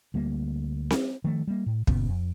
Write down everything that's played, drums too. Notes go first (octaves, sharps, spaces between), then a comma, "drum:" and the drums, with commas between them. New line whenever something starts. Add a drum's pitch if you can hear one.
D2 G3 A#3
drum: snare C4
D#3 F3 A3
G3 A#3
A2
F#2 A#2 C#3 B3, drum: kick
F2